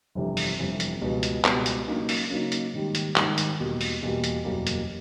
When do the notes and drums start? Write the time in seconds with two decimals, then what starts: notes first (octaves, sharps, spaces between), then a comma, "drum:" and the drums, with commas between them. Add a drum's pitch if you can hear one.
0.15 G1 F2 C3 E3
0.37 drum: open hi-hat
0.59 G1 F2 C3 E3
0.80 drum: hi-hat
1.01 C#2 B2 G3 B3
1.23 drum: hi-hat
1.45 C#2 B2 G3 B3, drum: clap
1.66 drum: hi-hat
1.87 C#3 F#3 A#3 D#4
2.09 drum: open hi-hat
2.30 C#3 F#3 A#3 D#4
2.52 drum: hi-hat
2.73 G#2 D#3 G3
2.95 drum: hi-hat
3.16 G#2 D#3 G3, drum: clap
3.38 drum: hi-hat
3.59 E2 B2 G3 A#3
3.81 drum: open hi-hat
4.03 E2 B2 G3 A#3
4.24 drum: hi-hat
4.45 F#1 E2 B2 G3 A#3
4.67 drum: hi-hat